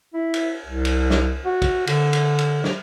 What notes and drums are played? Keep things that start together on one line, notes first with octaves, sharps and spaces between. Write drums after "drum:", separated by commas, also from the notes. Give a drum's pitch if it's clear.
E4
drum: cymbal
C2
drum: cymbal
drum: snare
F#4
drum: kick, cymbal
D3, drum: cymbal
drum: cymbal
drum: cymbal
drum: snare